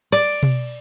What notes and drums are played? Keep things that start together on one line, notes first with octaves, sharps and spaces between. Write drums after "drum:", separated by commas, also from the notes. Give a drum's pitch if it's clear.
D5, drum: cymbal
drum: tom B2